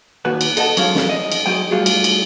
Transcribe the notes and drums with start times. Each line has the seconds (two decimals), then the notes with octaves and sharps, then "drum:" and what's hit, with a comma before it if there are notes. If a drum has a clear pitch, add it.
0.25 D#2 A#2 F#4 B4
0.41 drum: cymbal
0.57 A4 D#5 F#5 A5, drum: cymbal
0.77 F#3 G#3 C#4 A4 C#5 F5, drum: cymbal
0.95 drum: snare
1.09 D#5
1.32 drum: cymbal
1.46 F#3 G#3 D#5 G5
1.71 G3 A3 F4 F#4 G#4
1.86 drum: cymbal
2.04 drum: cymbal